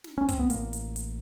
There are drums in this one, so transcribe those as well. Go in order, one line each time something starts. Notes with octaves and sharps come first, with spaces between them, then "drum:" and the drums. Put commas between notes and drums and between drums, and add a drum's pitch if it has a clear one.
drum: snare
C#4
C4, drum: kick, hi-hat
B3
A1 A2 A#3, drum: hi-hat
drum: hi-hat
drum: hi-hat